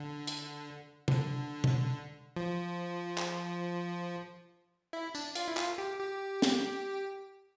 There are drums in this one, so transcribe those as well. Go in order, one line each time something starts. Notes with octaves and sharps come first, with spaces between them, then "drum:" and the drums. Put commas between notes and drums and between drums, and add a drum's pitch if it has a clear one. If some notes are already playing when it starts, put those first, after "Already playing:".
Already playing: D3
drum: hi-hat
D3, drum: tom
drum: tom
F3
drum: clap
E4
D4, drum: tambourine
F4, drum: hi-hat
E4
F4, drum: clap
G4
G4
drum: snare